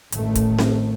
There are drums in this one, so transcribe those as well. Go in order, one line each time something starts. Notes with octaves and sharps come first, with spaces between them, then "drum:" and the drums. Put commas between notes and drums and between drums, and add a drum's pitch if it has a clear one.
A1 A2 D#3 A3, drum: hi-hat
drum: kick, hi-hat
drum: snare C4